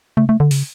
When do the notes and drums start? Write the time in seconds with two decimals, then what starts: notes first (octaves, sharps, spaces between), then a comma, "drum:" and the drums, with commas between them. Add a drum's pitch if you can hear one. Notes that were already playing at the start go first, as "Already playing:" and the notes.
0.17 A3, drum: tom C3
0.29 A3
0.40 D3
0.51 C#3, drum: open hi-hat